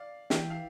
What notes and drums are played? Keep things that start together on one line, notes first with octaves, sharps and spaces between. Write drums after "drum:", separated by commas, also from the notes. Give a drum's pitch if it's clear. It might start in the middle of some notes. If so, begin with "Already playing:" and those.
Already playing: D5 F5
E3 E5 G5, drum: snare
F5